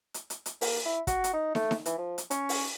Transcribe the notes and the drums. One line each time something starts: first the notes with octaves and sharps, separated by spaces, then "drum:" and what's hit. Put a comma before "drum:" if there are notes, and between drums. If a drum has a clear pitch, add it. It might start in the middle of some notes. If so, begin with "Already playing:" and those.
drum: hi-hat
drum: hi-hat
drum: hi-hat
A#3, drum: open hi-hat
E4
F#4, drum: kick, hi-hat
drum: hi-hat
D#4
A3, drum: snare
drum: snare
E3, drum: hi-hat
F3
drum: hi-hat
C#4, drum: hi-hat
drum: open hi-hat